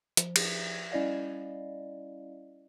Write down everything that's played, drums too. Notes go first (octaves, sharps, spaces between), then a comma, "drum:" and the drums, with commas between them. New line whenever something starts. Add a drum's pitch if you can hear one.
F3, drum: hi-hat
drum: cymbal
G3 C#4 E4 D5 D#5 F5